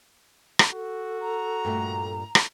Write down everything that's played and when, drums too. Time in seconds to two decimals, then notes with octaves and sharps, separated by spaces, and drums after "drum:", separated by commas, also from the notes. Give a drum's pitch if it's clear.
0.59 drum: rim click
0.72 F#4 A4
1.21 A#5
1.65 G2 A#2 A3
2.35 drum: rim click